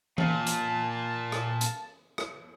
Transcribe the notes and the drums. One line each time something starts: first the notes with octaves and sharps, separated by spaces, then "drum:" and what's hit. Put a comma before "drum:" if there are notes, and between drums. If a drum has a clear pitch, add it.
A#2 F5 A5, drum: tom E3
drum: hi-hat
drum: rim click
drum: hi-hat
drum: rim click